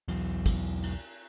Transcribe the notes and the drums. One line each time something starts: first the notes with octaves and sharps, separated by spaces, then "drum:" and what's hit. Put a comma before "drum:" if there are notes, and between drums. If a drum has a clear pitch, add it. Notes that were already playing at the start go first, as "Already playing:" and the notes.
B1 E2 E3 F#3, drum: cymbal
drum: kick, cymbal
drum: cymbal